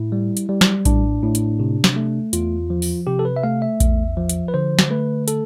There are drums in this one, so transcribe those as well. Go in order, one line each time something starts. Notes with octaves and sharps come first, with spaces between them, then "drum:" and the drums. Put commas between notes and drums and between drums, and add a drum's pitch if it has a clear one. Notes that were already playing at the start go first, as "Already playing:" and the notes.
Already playing: A2 E4
G3
drum: hi-hat
G3
drum: snare
A2 D4, drum: kick A#1, hi-hat
A2
drum: hi-hat
C3
drum: snare
A3
E2 F4, drum: hi-hat
F3
drum: open hi-hat
C3 G4
A4
B4
E5
A3 F5
E5
E2, drum: kick A#1, hi-hat
F3
drum: hi-hat
B4
D3 C5
drum: snare
A3 B4
A4, drum: hi-hat